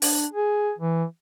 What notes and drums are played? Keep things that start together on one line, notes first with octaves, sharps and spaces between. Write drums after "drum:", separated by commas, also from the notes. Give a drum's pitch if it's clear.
D4, drum: open hi-hat
G#4
E3